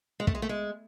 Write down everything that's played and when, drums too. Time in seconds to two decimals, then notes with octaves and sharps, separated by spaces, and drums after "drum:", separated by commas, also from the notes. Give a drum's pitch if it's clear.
0.20 G#3
0.27 A3, drum: kick
0.35 G#3
0.42 A3
0.49 G#3